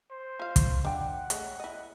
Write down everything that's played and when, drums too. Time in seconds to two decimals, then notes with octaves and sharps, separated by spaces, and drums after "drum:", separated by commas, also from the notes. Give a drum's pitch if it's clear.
0.11 C5
0.39 F4 F5
0.56 drum: kick, hi-hat
0.85 D4 F#5 G5
1.30 G#3 A3 C#5, drum: hi-hat
1.60 E4 D#5